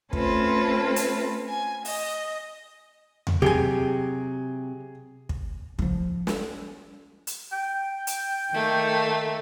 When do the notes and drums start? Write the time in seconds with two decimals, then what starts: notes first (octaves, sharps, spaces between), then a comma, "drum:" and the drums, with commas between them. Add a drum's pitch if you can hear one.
0.13 A3 C4 C#4 F4 B4 A5, drum: kick
0.96 drum: hi-hat
1.48 G#5
1.85 D#5, drum: open hi-hat
3.27 drum: tom E2
3.42 C3 F#3 G4 G#4 G#5
5.29 drum: kick
5.79 F3 D#4, drum: kick
6.27 drum: snare
7.27 drum: hi-hat
7.53 G5
8.07 drum: hi-hat
8.51 D#3 A3 A#3